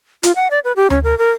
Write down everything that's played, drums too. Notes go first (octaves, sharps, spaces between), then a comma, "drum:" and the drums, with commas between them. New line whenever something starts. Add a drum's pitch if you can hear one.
F4, drum: hi-hat
F#5
D5
B4
G4
C#4, drum: tom D2
A#4
A#4